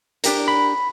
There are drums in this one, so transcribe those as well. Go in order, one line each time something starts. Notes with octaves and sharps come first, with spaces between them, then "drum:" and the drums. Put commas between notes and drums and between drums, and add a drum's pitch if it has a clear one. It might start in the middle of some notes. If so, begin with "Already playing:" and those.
D4 G4 A#4, drum: hi-hat
B5